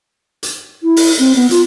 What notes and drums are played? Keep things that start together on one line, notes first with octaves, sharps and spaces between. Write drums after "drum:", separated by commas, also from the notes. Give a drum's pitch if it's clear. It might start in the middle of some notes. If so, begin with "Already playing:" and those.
drum: hi-hat
E4
drum: open hi-hat
C4
B3
F4, drum: hi-hat